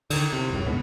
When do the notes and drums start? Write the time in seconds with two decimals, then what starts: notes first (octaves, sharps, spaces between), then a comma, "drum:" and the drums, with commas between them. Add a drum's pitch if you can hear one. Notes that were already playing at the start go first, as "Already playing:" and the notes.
0.10 D3 D#3, drum: cymbal
0.33 C3
0.51 F#1 C#2 F#2
0.66 D2 G#2 B2 B3